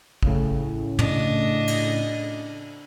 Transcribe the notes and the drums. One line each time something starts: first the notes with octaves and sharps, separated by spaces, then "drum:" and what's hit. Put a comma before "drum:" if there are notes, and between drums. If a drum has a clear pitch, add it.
A2 C#3, drum: kick
D4 D#5, drum: tom
drum: cymbal